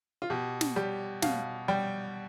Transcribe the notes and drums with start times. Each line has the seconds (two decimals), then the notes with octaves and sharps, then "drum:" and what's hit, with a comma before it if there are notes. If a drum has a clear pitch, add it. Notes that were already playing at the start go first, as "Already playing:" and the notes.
0.22 F4
0.30 B2 G4
0.61 drum: snare
0.76 G3 G4
1.22 B2 F5, drum: snare
1.68 G3 G5